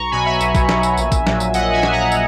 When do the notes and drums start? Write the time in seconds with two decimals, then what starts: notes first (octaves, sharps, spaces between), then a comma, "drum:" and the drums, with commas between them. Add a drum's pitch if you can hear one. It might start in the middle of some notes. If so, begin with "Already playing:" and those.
Already playing: B1 A#5 C#6
0.11 B2 F#3 G#5 B5
0.26 E5 G#5
0.41 B1, drum: tambourine
0.55 drum: kick, tambourine
0.69 B2 F#3, drum: snare
0.83 drum: tambourine
0.97 A#1, drum: tambourine
1.12 drum: kick, tambourine
1.27 A#2 F#3, drum: snare
1.40 drum: tambourine
1.54 A#1 D#5 F#5, drum: tambourine
1.73 E5 G#5
1.83 A#2 F#3, drum: snare
1.92 F#5 A#5
2.12 drum: tambourine